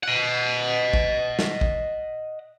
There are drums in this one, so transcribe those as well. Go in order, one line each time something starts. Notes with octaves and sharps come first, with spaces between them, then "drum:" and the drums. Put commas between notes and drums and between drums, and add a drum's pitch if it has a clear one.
D#5 F#5
drum: kick
drum: snare
drum: kick